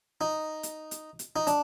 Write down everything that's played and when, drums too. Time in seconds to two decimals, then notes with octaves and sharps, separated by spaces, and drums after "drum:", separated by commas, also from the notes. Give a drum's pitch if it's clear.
0.21 D#4
0.63 drum: hi-hat
0.91 drum: hi-hat
1.19 drum: hi-hat
1.36 D#4
1.47 D4, drum: hi-hat